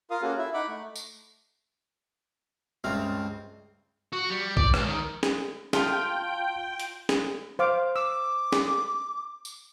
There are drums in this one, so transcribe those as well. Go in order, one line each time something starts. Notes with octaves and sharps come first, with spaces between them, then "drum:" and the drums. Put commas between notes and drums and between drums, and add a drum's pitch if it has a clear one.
F4 A#4 F5 D#6
A#3 C#4 F#4 G#4 A4
E4 E5
D#4 F#5 B5 D6
A3
drum: tambourine
C#2 G2 C4 E5 F6
F#4
G3
D5, drum: kick A#1
C#2, drum: rim click
D#3
drum: snare
F4 F5 G5 A5, drum: snare
drum: hi-hat
drum: snare
C5 F5 D6
D6 E6
drum: snare
drum: tambourine